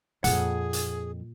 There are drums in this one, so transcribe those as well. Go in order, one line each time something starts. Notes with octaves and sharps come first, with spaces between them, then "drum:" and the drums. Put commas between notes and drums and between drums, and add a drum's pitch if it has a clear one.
F2 A#2 F3 G#4 F#5, drum: hi-hat
drum: hi-hat